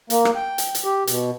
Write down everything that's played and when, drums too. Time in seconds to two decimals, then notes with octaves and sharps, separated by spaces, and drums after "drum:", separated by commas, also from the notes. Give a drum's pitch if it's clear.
0.10 A#3, drum: hi-hat
0.25 drum: rim click
0.35 G5
0.58 drum: hi-hat
0.75 drum: hi-hat
0.84 G4
1.07 B2, drum: hi-hat